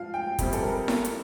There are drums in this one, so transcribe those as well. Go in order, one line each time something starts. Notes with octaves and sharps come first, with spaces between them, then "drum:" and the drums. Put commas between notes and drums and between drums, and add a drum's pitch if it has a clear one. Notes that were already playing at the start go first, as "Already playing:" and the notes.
Already playing: F3 F5
G5
F2 C3 G3, drum: kick, hi-hat
A4, drum: hi-hat
A#4
drum: snare E4
drum: hi-hat